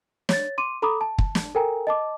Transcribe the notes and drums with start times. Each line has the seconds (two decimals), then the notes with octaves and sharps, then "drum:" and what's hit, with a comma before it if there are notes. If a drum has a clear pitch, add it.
0.29 C#5 A6, drum: snare
0.58 C6 D6 D#7
0.82 A4 A#5 B5 D6 D#6
1.01 A5
1.18 drum: kick
1.35 drum: snare
1.55 A4 A#4 G5 G#5 A#5
1.87 D#5 A5 D6